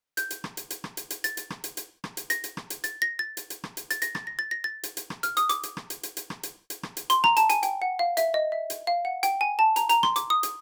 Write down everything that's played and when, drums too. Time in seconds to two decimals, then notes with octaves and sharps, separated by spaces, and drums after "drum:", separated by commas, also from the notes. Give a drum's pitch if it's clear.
0.17 G6, drum: hi-hat
0.30 drum: hi-hat
0.44 drum: rim click
0.57 drum: hi-hat
0.70 drum: hi-hat
0.84 drum: rim click
0.97 drum: hi-hat
1.10 drum: hi-hat
1.24 A6, drum: hi-hat
1.37 drum: hi-hat
1.50 drum: rim click
1.64 drum: hi-hat
1.77 drum: hi-hat
2.04 drum: rim click
2.17 drum: hi-hat
2.30 A#6, drum: hi-hat
2.44 drum: hi-hat
2.57 drum: rim click
2.70 drum: hi-hat
2.84 A6, drum: hi-hat
3.02 A#6
3.19 A6
3.37 drum: hi-hat
3.50 drum: hi-hat
3.64 drum: rim click
3.77 drum: hi-hat
3.91 A6, drum: hi-hat
4.02 A#6, drum: hi-hat
4.15 A6, drum: rim click
4.27 A#6
4.39 A6
4.51 A#6
4.64 A6
4.83 drum: hi-hat
4.97 drum: hi-hat
5.10 drum: rim click
5.23 F6, drum: hi-hat
5.37 D#6, drum: hi-hat
5.49 D6, drum: hi-hat
5.63 drum: hi-hat
5.77 drum: rim click
5.90 drum: hi-hat
6.03 drum: hi-hat
6.17 drum: hi-hat
6.30 drum: rim click
6.43 drum: hi-hat
6.70 drum: hi-hat
6.83 drum: rim click
6.97 drum: hi-hat
7.10 C6, drum: hi-hat
7.24 A#5, drum: rim click
7.37 A5, drum: hi-hat
7.50 G#5, drum: hi-hat
7.63 G5, drum: hi-hat
7.82 F#5
7.99 F5
8.17 E5, drum: hi-hat
8.34 D#5
8.52 E5
8.70 drum: hi-hat
8.87 F5
9.05 F#5
9.23 G5, drum: hi-hat
9.41 G#5
9.59 A5
9.76 A#5, drum: hi-hat
9.90 A#5, drum: hi-hat
10.03 C6, drum: rim click
10.16 D6, drum: hi-hat
10.30 D#6
10.43 drum: hi-hat